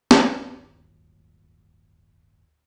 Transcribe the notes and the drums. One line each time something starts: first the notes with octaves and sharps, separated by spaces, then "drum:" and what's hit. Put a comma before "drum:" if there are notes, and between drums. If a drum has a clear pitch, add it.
D1 G1 D#2, drum: snare